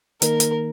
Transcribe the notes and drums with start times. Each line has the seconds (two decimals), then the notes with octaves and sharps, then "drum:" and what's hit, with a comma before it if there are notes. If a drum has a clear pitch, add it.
0.22 D#3 A#3 D#4 A#4, drum: hi-hat
0.40 drum: hi-hat